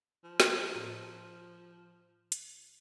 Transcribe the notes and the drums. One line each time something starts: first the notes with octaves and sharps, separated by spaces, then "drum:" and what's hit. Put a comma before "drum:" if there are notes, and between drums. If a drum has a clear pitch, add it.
F3
drum: snare
A2
drum: hi-hat